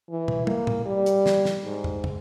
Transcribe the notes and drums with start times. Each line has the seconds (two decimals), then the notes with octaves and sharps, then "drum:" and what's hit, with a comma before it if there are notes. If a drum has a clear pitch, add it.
0.10 E3
0.28 drum: tom
0.47 A#3, drum: tom
0.67 drum: tom
0.86 G3
1.06 drum: hi-hat
1.26 drum: snare
1.45 drum: snare
1.65 G#2
1.84 drum: tom
2.04 drum: tom